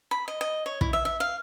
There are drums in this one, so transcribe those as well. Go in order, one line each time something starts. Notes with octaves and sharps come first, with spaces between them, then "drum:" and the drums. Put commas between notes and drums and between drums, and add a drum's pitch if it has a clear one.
B5
D#5
D#5
C#5
E4, drum: kick
E5
E5
F5